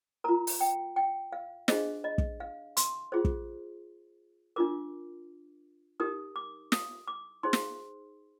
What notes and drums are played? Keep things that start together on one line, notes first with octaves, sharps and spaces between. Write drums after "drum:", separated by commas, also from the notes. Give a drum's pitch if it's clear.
F4 A#4 A#5
drum: open hi-hat
G5
G5
F5
D4 G#4 C5 D#5, drum: snare
D#5
drum: kick
F5
C6, drum: hi-hat
F4 G#4 C5
drum: kick
D4 F4 A#4 D6
D#4 G4 A#4 D#6
D6
D#6, drum: snare
D6
D#4 G#4 C5 C6
drum: snare